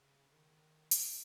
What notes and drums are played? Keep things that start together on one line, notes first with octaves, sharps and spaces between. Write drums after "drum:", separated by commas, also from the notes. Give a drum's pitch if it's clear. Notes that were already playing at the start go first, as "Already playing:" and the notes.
Already playing: C#3
D#3
drum: hi-hat